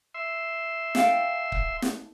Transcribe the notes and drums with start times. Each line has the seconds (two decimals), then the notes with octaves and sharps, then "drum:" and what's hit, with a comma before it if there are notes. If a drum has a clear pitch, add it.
0.14 E5 C6
0.95 A4 F5 G5, drum: snare
1.52 drum: kick C#1
1.82 drum: snare